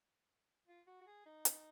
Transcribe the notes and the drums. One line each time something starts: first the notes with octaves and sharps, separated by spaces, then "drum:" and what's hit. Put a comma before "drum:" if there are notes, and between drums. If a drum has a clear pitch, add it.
F4
F#4
F#4
G#4
D#4
drum: hi-hat